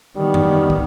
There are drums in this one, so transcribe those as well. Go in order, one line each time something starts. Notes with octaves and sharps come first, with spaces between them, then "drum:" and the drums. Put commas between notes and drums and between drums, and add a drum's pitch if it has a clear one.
D#3 G3 B3
drum: tom F2
drum: kick